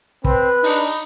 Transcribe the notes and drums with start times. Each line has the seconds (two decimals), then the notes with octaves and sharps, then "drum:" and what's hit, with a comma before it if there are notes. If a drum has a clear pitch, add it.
0.25 C4 B4 B5, drum: kick
0.64 D4 D#4, drum: open hi-hat